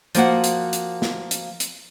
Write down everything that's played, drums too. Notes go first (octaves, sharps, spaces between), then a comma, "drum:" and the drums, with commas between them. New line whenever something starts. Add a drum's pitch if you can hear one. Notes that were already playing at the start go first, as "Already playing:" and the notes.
F3 A#3 F#4 F#5, drum: hi-hat
drum: hi-hat
drum: hi-hat
drum: snare
drum: hi-hat
drum: hi-hat